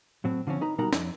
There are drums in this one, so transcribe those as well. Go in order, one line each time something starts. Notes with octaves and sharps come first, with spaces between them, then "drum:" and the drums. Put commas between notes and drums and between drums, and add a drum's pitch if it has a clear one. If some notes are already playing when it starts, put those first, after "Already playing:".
A2 F#3 C4
D3 F3 C4 C#4
D#4 B4 A#5
B2 G3 D#4 A#4 F#5 A#5
F2, drum: snare